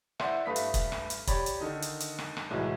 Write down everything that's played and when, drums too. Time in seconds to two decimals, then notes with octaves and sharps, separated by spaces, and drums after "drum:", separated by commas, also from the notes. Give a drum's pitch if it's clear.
0.20 E4 C5 D5 F#5, drum: rim click
0.46 G2 A3 B4 F5 D#6 B6
0.56 drum: hi-hat
0.74 drum: kick, hi-hat
0.92 drum: rim click
1.10 drum: hi-hat
1.27 G4 C#5 D5 B5, drum: kick, hi-hat
1.46 drum: hi-hat
1.61 D3 D#3 D#4
1.82 drum: hi-hat
2.00 drum: hi-hat
2.19 drum: rim click
2.37 drum: rim click
2.50 C2 A2 E3 F#3 G#3